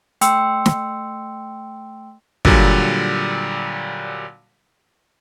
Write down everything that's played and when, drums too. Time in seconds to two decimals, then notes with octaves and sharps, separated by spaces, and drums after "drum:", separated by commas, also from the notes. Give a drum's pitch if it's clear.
0.21 A3 G5 C6 E6 C#7, drum: hi-hat
0.66 drum: snare
2.45 A#2 D3 F#3 G3, drum: kick